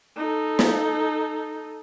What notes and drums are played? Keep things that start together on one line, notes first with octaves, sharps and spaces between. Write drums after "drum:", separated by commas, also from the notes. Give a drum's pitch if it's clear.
D#4 A4
drum: snare